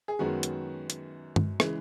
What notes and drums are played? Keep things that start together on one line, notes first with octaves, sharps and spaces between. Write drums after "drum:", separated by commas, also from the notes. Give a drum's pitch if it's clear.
G#4
F#2 D#3 G#3 B3 F#4
drum: hi-hat
drum: hi-hat
drum: tom G2
C#3 E3 G#3, drum: rim click